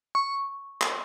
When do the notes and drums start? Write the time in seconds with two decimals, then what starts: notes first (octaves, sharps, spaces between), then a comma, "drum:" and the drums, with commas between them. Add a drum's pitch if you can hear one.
0.15 C#6
0.81 drum: clap